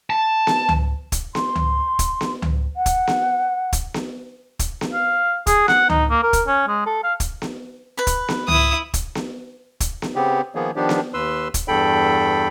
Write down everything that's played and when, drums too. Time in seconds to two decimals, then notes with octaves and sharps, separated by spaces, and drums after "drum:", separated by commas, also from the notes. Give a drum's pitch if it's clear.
0.10 A5
0.47 drum: snare B3
0.69 drum: tom C#2
1.12 drum: kick, hi-hat
1.35 C6, drum: snare B3
1.55 drum: tom C#2
1.99 drum: kick, hi-hat
2.21 drum: snare B3
2.42 drum: tom C#2
2.77 F#5
2.86 drum: kick, hi-hat
3.07 drum: snare B3
3.73 drum: kick, hi-hat
3.94 drum: snare B3
4.59 drum: kick, hi-hat
4.81 drum: snare B3
4.93 F5
5.47 G#4, drum: kick, hi-hat
5.68 F#5, drum: snare B3
5.90 D#4, drum: tom C#2
6.10 A#3
6.23 A#4
6.33 drum: kick, hi-hat
6.47 C#4
6.67 G#3
6.86 A4
7.04 F5
7.20 drum: kick, hi-hat
7.42 drum: snare B3
7.97 B4 B5
8.07 drum: kick, hi-hat
8.28 drum: snare B3
8.48 E4 D#6, drum: tom C#2
8.94 drum: kick, hi-hat
9.15 drum: snare B3
9.80 drum: kick, hi-hat
10.02 drum: snare B3
10.16 C#3 B3 C4 G4
10.55 D#3 F3 A#3 B3 G#4
10.76 D#3 F3 B3 D4 G4
10.89 drum: snare B3
11.14 D#2 B4 C6 E6
11.54 drum: kick, hi-hat
11.68 E2 G2 A4 G5 B5